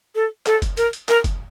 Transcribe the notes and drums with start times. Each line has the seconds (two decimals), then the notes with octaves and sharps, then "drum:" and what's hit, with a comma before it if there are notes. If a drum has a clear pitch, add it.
0.15 A4
0.46 A4, drum: clap
0.62 drum: kick F#1, hi-hat
0.77 A#4, drum: hi-hat
0.93 drum: hi-hat
1.09 A#4, drum: clap
1.24 drum: kick F#1, hi-hat